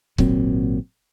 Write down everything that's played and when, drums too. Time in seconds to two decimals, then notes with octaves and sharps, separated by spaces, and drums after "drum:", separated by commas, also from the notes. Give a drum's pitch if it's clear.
0.18 G#1 A#2 F#3 C4, drum: kick C#1